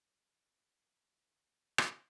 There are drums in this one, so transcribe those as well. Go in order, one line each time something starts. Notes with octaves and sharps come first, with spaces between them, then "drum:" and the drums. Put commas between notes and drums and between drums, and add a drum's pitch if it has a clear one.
D2 C3 G3 D5
C5
C5
A#4
C5
C2 A#2 G3 D#5
F5
C6
drum: rim click